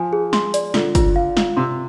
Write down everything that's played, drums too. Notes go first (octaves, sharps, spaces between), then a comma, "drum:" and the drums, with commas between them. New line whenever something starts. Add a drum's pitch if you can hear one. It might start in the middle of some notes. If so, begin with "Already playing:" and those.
Already playing: F3 G#5
G#4
C6, drum: snare
D5, drum: hi-hat
D3 F4, drum: snare
F4, drum: kick, hi-hat
F5
F4, drum: snare
C3 C6